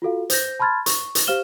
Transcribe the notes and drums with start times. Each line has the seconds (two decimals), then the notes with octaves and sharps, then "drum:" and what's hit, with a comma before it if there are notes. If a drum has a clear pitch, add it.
0.02 F4 F#4 A4 F5
0.30 C5 G6 A#6, drum: hi-hat
0.60 A5 B5 C6 F6 G#6 A6
0.86 C#6, drum: hi-hat
1.15 drum: hi-hat
1.27 G4 C5 F5 F6 E7 G7